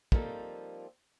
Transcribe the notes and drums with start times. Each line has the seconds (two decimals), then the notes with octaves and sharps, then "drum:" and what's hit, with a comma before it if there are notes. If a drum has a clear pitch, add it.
0.12 F3 G3 A#3 C4 D#4 A4, drum: kick